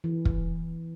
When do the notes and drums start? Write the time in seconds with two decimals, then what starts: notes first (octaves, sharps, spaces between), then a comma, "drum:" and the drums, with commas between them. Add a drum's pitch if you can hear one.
0.04 E3
0.25 drum: kick